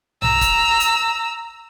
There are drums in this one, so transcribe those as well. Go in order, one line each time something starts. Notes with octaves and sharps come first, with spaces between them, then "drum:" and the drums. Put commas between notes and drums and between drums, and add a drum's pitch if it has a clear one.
A#5 E6, drum: tom B1
drum: kick, hi-hat
drum: hi-hat